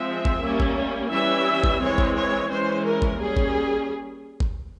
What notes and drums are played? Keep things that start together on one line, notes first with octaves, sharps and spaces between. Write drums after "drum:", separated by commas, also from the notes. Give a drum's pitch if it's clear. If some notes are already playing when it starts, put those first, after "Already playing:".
Already playing: F3 G#3 C4 E5
drum: kick G1
G3 A#3 C#4
drum: kick G1
E3 G3 C#4 E5
drum: kick G1
E3 G#3 C4 C#5
drum: kick G1
C#5
E3 G#3 C#4 C5
A#4
drum: kick G1
G3 A#3 C#4 G#4
drum: kick G1
drum: kick G1